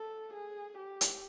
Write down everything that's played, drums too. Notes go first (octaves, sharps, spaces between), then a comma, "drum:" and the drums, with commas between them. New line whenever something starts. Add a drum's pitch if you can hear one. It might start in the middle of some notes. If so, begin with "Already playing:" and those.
Already playing: A4
G#4
G4
drum: hi-hat